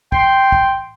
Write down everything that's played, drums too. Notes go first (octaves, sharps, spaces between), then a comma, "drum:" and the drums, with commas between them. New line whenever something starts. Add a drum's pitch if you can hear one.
G5 C6, drum: kick
drum: kick